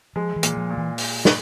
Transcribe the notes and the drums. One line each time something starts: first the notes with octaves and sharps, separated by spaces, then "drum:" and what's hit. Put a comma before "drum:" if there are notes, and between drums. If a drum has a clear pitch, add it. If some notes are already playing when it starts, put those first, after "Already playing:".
F3 G#3
E3
A#2, drum: hi-hat
F3
A#2
E3
drum: open hi-hat
drum: snare